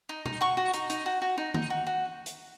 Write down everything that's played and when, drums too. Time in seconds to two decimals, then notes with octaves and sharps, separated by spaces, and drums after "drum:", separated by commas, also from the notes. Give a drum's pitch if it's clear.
0.09 D#4
0.26 D#4, drum: tom B2
0.41 F#4 C#6
0.57 F#4
0.73 D#4, drum: hi-hat
0.90 D#4, drum: hi-hat
1.06 F#4
1.22 F#4
1.38 D#4
1.54 D#4, drum: tom D#3
1.70 F#4
1.87 F#4
2.26 drum: hi-hat